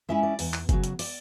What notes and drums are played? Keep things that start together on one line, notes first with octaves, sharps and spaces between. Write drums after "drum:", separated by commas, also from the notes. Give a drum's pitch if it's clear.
G#3 C#4 E4 E5
D5
E2, drum: open hi-hat
drum: clap
C#3 F#3, drum: kick F#1, hi-hat
drum: hi-hat
D5, drum: open hi-hat